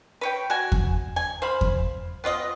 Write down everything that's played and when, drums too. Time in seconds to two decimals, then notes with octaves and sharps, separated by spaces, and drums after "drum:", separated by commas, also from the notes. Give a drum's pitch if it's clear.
0.21 B4 C#5 G5
0.50 F#4 G#5
0.72 drum: kick E2
1.16 G#5
1.42 C5 F5 B5
1.61 drum: kick E2
2.24 B3 F4 D5 D#5